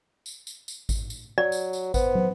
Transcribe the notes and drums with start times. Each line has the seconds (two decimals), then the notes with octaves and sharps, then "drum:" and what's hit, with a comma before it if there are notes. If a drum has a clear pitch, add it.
0.26 drum: tambourine
0.47 drum: tambourine
0.68 drum: tambourine
0.89 drum: kick G#1, tambourine
1.10 drum: tambourine
1.38 F#3 D5
1.52 drum: tambourine
1.73 drum: tambourine
1.94 B3 C5, drum: kick G#1, tambourine
2.15 drum: tom